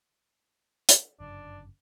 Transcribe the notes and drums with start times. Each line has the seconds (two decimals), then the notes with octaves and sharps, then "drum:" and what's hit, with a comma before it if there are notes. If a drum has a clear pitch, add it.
0.89 drum: hi-hat
1.20 G1 F#2 C#3 D4